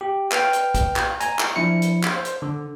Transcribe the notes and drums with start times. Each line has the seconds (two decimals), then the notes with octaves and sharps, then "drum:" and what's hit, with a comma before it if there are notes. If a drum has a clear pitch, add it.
0.01 G4
0.32 B4 G5 F6, drum: clap
0.53 drum: hi-hat
0.75 drum: kick, hi-hat
0.96 drum: clap
1.20 G#5 A#5, drum: hi-hat
1.39 drum: clap
1.56 F3 D4 E4 C#7
1.82 drum: hi-hat
2.03 drum: clap
2.12 C5
2.25 drum: hi-hat
2.42 D3